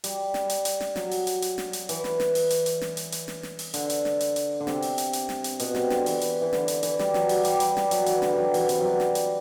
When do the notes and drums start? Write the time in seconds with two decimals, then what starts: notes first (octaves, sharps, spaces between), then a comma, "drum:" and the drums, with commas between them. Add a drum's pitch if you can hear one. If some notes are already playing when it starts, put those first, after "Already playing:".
0.04 G3, drum: hi-hat
0.34 drum: snare
0.50 drum: hi-hat
0.65 drum: hi-hat
0.80 drum: snare
0.96 F#3, drum: snare
1.11 drum: open hi-hat
1.27 drum: hi-hat
1.42 drum: hi-hat
1.58 drum: snare
1.73 drum: hi-hat
1.89 E3, drum: hi-hat
2.04 drum: snare
2.20 drum: snare
2.35 drum: open hi-hat
2.50 drum: hi-hat
2.66 drum: hi-hat
2.81 drum: snare
2.97 drum: hi-hat
3.12 drum: hi-hat
3.28 drum: snare
3.43 drum: snare
3.59 drum: open hi-hat
3.74 D3, drum: hi-hat
3.90 drum: hi-hat
4.05 drum: snare
4.21 drum: hi-hat
4.36 drum: hi-hat
4.60 D3
4.67 C3, drum: snare
4.82 drum: open hi-hat
4.98 drum: hi-hat
5.13 drum: hi-hat
5.29 drum: snare
5.44 drum: hi-hat
5.60 B2, drum: hi-hat
5.75 C3, drum: snare
5.90 D3, drum: snare
6.06 E3, drum: open hi-hat
6.21 drum: hi-hat
6.41 E3
6.53 D3, drum: snare
6.68 drum: hi-hat
6.83 E3, drum: hi-hat
6.99 G3, drum: snare
7.14 F#3, drum: snare
7.29 G3, drum: open hi-hat
7.45 G3, drum: hi-hat
7.60 G3, drum: hi-hat
7.77 G3, drum: snare
7.91 F#3, drum: hi-hat
8.06 E3, drum: hi-hat
8.22 D3, drum: snare
8.33 F#3 G3
8.54 E3, drum: open hi-hat
8.69 C3, drum: hi-hat
8.80 F#3 G3
9.00 drum: snare
9.15 drum: hi-hat